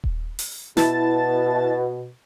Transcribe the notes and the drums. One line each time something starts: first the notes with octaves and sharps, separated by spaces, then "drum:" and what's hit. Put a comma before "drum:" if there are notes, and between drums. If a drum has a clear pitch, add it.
drum: kick D#1
drum: open hi-hat
B2 E4 A5 A6, drum: snare